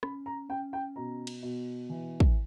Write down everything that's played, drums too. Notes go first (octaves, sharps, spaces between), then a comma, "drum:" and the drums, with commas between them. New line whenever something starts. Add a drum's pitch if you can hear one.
C#4 B5, drum: rim click
A#5
C#4 G5
G5
B2 A#5
drum: cymbal
B2
E3
drum: kick